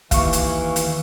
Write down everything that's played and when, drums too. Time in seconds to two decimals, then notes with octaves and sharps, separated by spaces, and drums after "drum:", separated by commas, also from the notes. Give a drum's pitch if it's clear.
0.11 D#2 E3 F5 C#6, drum: kick, hi-hat
0.33 drum: hi-hat
0.76 drum: hi-hat